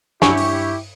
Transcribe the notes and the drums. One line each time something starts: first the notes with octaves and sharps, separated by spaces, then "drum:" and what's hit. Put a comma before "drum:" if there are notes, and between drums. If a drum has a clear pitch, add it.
G2 F#3 C#4 E4 G4 C#6, drum: snare
drum: open hi-hat